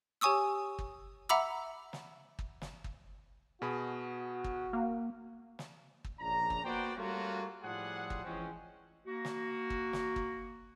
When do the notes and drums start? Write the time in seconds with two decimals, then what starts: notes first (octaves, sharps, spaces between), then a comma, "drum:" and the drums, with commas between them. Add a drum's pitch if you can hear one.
0.21 G4 C#5 G#5 C#6 D#6 E6
0.79 drum: kick
1.29 E5 F#5 A#5 B5 D6 E6
1.93 drum: snare
2.39 drum: kick
2.62 drum: snare
2.84 drum: kick
3.62 B2 F#4 G#4 B5
4.44 drum: kick
4.73 A#3
5.59 drum: snare
6.04 drum: kick
6.19 A#1 C#3 D4 A#5
6.50 drum: kick
6.63 A#3 B3 F#4 C5 D5 G5
6.96 G3 A3 A#3 C#4 F4 F#4
7.64 A2 F3 G3 G#4 C5 F#5
8.10 drum: kick
8.24 E3 F3 G#3 C4 C#4
9.07 A#3 F#4
9.25 drum: snare
9.70 drum: kick
9.93 drum: snare
10.16 drum: kick